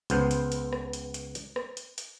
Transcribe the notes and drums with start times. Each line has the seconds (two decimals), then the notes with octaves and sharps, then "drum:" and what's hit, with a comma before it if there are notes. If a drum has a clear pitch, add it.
0.10 C#2 B3 C5, drum: hi-hat
0.31 drum: hi-hat
0.52 drum: hi-hat
0.73 drum: rim click
0.93 drum: hi-hat
1.14 drum: hi-hat
1.35 drum: hi-hat
1.56 drum: rim click
1.77 drum: hi-hat
1.98 drum: hi-hat